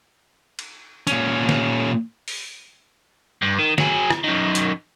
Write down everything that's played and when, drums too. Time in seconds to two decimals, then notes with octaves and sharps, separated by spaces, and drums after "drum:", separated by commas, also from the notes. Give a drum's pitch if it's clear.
0.59 drum: cymbal
1.07 A#2 C#4, drum: hi-hat
1.49 drum: snare
2.28 drum: open hi-hat
3.42 G2
3.59 D#3
3.78 F#3 G#4, drum: snare
4.10 drum: rim click
4.24 F#2 D#3
4.55 drum: hi-hat